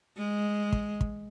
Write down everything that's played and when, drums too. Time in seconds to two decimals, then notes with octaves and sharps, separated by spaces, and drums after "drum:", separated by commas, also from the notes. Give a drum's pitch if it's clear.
0.18 G#3
0.72 drum: kick
1.01 drum: kick